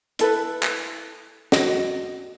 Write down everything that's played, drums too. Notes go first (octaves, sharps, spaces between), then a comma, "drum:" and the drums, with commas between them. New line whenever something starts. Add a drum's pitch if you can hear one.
E4 A4 B4, drum: hi-hat
drum: clap
F#4 D#5, drum: snare